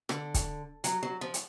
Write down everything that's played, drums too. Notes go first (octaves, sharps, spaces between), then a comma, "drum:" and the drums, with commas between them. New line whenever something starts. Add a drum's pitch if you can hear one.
D3, drum: rim click
drum: kick, hi-hat
F#3, drum: hi-hat
F#3
F3
drum: hi-hat